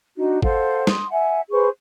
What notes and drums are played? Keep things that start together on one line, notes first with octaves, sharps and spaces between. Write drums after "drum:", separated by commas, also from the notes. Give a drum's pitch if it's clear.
D4 D#4 F#4
A4 C5 F5 F#5, drum: kick
C6 D#6, drum: snare
E5 F#5 G#5
G#4 B4 C5 C#6